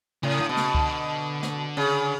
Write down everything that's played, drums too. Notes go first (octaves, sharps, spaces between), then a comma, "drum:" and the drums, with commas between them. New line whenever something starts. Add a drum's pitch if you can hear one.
A2 C#3
D3
B2
C#3, drum: snare
D3, drum: kick C#2
drum: snare
C#3